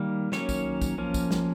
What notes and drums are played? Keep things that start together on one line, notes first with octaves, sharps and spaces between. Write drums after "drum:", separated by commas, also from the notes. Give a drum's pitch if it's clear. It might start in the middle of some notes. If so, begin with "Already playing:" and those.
Already playing: D#3 G3 A#3
D#3 F#3 A#3 C#4 C#5, drum: snare
drum: kick A#1, tambourine
drum: kick A#1, tambourine
F3 A#3 C#4
drum: kick A#1, tambourine
drum: snare